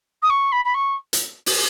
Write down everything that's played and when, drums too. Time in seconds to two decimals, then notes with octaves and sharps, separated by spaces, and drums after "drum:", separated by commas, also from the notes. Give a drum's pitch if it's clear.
0.22 D#6
0.29 C#6
0.52 B5
0.64 B5
0.74 C#6
1.13 drum: hi-hat
1.46 drum: open hi-hat